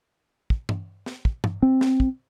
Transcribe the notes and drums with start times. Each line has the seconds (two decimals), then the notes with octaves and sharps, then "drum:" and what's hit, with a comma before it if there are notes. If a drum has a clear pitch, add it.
0.50 drum: kick
0.69 drum: tom G2
1.06 drum: snare
1.25 drum: kick
1.44 drum: tom
1.62 C4
1.81 drum: snare
2.00 drum: kick